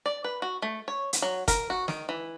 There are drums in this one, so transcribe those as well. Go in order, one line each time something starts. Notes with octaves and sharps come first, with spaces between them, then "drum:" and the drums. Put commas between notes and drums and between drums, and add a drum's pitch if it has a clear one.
D5
B4
F#4
A3
C#5
drum: hi-hat
F#3
A#4, drum: kick, hi-hat
F#4
D#3, drum: snare
E3